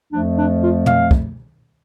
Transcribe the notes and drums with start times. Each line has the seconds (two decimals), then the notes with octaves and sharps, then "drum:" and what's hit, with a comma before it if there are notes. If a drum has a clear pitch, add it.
0.12 F2 F3 A3 D4
0.37 D4
0.62 F4
0.86 F5, drum: tom
1.11 drum: kick